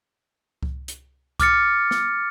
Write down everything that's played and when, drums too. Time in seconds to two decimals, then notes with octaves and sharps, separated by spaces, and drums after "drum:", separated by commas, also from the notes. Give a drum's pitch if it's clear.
0.63 drum: kick C2
0.88 drum: hi-hat
1.40 D6 F6 A6 C#7, drum: kick C2, hi-hat
1.91 drum: snare